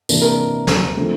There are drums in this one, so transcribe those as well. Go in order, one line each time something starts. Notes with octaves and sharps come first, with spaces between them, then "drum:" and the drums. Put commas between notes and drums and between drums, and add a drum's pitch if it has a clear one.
C3 E3 A#3 D4, drum: tambourine
A#4
drum: snare
D3 F3 A3 C4